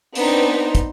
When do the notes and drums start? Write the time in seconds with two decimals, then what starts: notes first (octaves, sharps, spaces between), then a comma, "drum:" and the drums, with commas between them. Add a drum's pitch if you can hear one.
0.15 B3 C4 D4 D#4, drum: open hi-hat
0.75 drum: kick, hi-hat